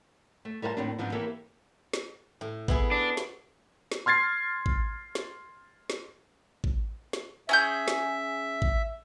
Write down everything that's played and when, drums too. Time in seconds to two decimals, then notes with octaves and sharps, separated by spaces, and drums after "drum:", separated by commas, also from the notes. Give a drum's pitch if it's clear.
0.45 A3
0.62 G3 A#4 C5 F#5 A5
0.77 D#2 A2 A#3 C4 D4
0.98 G#2 F3 B3 C4 D4
1.12 E3 A#3 E4 G4 A4 C#5
1.93 drum: snare
2.41 A2
2.68 B3 E4 G#4, drum: kick A1
2.92 D4
3.17 drum: snare
3.92 drum: snare
4.06 C6 F6 G#6 A6 C7
4.66 drum: kick A1
5.15 drum: snare
5.90 drum: snare
6.64 drum: kick A1
7.13 drum: snare
7.49 C#4 G#4 E5 G6
7.88 drum: snare
8.62 drum: kick A1